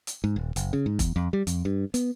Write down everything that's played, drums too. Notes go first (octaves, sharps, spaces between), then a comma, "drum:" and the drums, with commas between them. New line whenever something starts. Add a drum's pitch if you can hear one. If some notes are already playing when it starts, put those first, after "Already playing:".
drum: hi-hat
G#2
D#1
F#1, drum: hi-hat
C#3
G#2
E2, drum: kick E1, hi-hat
F2
G3
F2, drum: hi-hat
G2
B3, drum: hi-hat